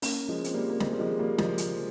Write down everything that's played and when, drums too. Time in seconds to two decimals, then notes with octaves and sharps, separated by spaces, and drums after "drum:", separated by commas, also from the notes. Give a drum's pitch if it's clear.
0.02 A#3 C#4, drum: open hi-hat
0.28 F3 G#3
0.44 C4, drum: hi-hat
0.54 G3 A#3
0.69 A#3
0.80 G#3 C4, drum: snare
0.92 G3
0.99 F3 G#3
1.19 G3 A#3
1.38 F3 G#3, drum: snare
1.58 drum: hi-hat